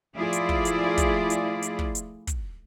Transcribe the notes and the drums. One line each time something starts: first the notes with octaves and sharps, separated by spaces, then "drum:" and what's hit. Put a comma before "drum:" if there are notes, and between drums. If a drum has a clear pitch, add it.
F3 A3 E4 F4 G#4 D5
drum: hi-hat
drum: kick
drum: hi-hat
drum: kick, hi-hat
drum: hi-hat
drum: hi-hat
drum: kick
drum: hi-hat
drum: kick, hi-hat